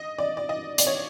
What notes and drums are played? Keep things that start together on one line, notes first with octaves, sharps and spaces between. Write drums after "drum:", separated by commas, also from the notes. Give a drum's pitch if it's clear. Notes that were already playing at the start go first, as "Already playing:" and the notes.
Already playing: D#5
D5
D5
D#5
D5, drum: hi-hat
C#5